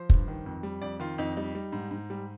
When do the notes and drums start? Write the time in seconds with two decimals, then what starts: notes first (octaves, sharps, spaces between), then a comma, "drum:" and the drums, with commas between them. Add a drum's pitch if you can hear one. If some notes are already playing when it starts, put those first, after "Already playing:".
Already playing: F3 C5
0.10 G2, drum: kick
0.28 D#3
0.46 F2
0.63 G3
0.82 F2 D5
1.00 D#3 F4
1.18 F2 D#4
1.37 G3 D#4
1.55 G3
1.73 G#2
1.91 G#2
2.10 G3